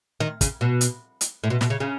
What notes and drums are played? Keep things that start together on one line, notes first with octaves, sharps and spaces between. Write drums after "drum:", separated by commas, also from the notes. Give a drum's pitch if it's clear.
D#3
C#3, drum: kick, hi-hat
B2
drum: hi-hat
drum: hi-hat
A2
B2
B2, drum: snare
C#3
C#3